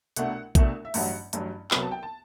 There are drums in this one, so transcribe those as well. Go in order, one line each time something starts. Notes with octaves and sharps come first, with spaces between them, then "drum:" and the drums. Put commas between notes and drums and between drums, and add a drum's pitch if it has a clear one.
C2 B2 A3 D4 F#5, drum: hi-hat
C2 B2 A3 D4, drum: kick A#1, hi-hat
E5
A1 G2 F#3 F#5, drum: open hi-hat
A1 G2 F#3, drum: hi-hat
C2 C3 F#3 B3 B5, drum: clap
A5
G5
A5